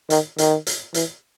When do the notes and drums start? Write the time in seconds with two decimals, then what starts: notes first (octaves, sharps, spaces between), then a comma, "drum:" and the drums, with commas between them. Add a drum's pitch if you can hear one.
0.10 D#3, drum: hi-hat
0.38 D#3, drum: hi-hat
0.67 drum: hi-hat
0.94 E3, drum: hi-hat